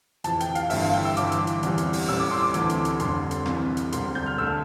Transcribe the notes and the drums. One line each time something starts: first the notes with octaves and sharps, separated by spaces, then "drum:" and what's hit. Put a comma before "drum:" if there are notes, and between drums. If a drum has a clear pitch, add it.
F2 C3 E3 A5, drum: hi-hat
G5, drum: hi-hat
F5, drum: hi-hat
G1 G2 E3 A3 E5, drum: open hi-hat
F5
G5
E6
G1 G2 E3 D6, drum: hi-hat
drum: hi-hat
drum: hi-hat
E2 C3 E3 G3, drum: hi-hat
drum: hi-hat
drum: open hi-hat
A1 A2 G3 E6
D6
C6
D6
D2 C3 E3 A3, drum: hi-hat
drum: hi-hat
drum: hi-hat
F1 F2 D3 G3 C6, drum: hi-hat
drum: hi-hat
C2 C3 E3, drum: rim click
drum: hi-hat
E1 D2 C3 G3 C6, drum: hi-hat
G6
F6
D2 D3 A3 E6